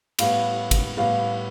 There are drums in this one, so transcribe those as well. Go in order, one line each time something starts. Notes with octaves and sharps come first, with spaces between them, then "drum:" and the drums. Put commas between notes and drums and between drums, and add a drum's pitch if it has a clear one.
A2 G3 B3 F5, drum: cymbal
drum: kick, cymbal
A2 G3 B3 F5